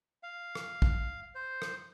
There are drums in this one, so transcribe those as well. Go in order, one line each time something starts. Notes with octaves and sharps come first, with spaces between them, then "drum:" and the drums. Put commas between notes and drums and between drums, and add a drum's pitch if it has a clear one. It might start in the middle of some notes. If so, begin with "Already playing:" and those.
F5
drum: rim click
drum: kick
C5
drum: rim click